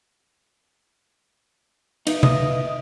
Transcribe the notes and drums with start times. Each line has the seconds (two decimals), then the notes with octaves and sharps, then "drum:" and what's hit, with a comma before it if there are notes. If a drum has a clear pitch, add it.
2.07 A#3 D#4 E4 B4, drum: cymbal
2.23 D#5, drum: tom C3